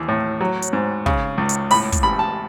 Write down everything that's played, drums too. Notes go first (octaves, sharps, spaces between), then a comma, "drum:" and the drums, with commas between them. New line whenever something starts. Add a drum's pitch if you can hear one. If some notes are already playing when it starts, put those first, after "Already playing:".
Already playing: D#2 E3
A2
F#3
drum: hi-hat
G#2
C#3, drum: kick
C#2
drum: hi-hat
A2 B5, drum: open hi-hat
drum: kick, hi-hat
A1 B5
A5